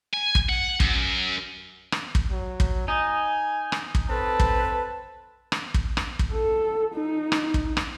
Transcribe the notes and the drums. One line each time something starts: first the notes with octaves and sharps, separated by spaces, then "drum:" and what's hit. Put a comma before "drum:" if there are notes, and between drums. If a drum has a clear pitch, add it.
G#5
drum: kick
F#5
F#2, drum: kick
drum: rim click
drum: kick
F#3
drum: kick
D#4 G#5
drum: rim click
drum: kick
C4 A4 B4 A5
drum: kick
drum: rim click
drum: kick
drum: rim click
drum: kick
A4
D#4
drum: rim click
drum: kick
drum: rim click